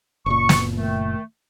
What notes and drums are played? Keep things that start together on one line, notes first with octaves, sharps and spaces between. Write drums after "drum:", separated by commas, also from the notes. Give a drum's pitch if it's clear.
F#1 A#2 C#6
drum: snare
D#3 A3